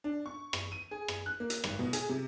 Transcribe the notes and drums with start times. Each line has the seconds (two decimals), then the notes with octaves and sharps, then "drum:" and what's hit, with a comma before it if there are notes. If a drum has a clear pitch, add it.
0.04 D4
0.26 C#6
0.53 drum: rim click
0.72 D#7
0.91 G#4
1.08 drum: rim click
1.26 F#6
1.40 A#3
1.50 drum: hi-hat
1.64 G#1, drum: rim click
1.79 B2
1.93 G#4, drum: hi-hat
2.09 C3